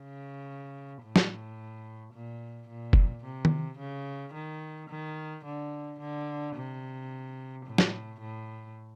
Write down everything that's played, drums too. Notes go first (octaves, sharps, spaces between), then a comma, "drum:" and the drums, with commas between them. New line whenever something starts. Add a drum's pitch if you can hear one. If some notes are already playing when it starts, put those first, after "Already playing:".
Already playing: C#3
A2
drum: snare
A#2
A#2
drum: kick F#1
C3
drum: tom D#3
C#3
D#3
D#3
D3
D3
C3
A2
drum: snare
A2